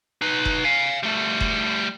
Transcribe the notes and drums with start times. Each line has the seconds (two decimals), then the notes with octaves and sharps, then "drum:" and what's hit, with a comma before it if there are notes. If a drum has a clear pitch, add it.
0.22 D#4 B4
0.45 drum: kick F1
0.65 F5 G#5
1.03 G3 A3
1.41 drum: kick F1